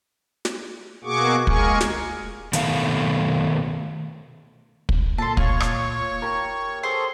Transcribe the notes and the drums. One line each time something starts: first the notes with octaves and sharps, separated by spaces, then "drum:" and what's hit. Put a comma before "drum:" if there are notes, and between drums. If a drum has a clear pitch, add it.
drum: snare
B2 A#3 F#4 G#4 C#6 D6
G#3 A#3 G#4 A#4 G#5 C#6, drum: kick
drum: snare
B2 D#3 A3 F5, drum: hi-hat
drum: kick
A#2 A4 A5 C6
F4 C#5 C#6, drum: kick
drum: rim click
G4 A#4
G#4 A4 C5 C6 C#6